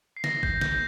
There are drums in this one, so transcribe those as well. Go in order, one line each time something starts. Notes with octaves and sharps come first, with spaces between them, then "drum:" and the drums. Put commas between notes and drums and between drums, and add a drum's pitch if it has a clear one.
C7
A#6, drum: snare
G6, drum: kick
G6, drum: snare